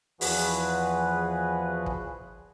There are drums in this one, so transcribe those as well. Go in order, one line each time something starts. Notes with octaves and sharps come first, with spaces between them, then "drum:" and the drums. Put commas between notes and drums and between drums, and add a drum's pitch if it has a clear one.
E2 F3 F#4 G#4 B4, drum: open hi-hat
drum: kick